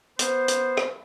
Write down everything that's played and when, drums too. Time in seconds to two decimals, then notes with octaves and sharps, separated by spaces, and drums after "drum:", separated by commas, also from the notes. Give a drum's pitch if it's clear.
0.19 B3 C5, drum: hi-hat
0.48 drum: hi-hat
0.77 drum: rim click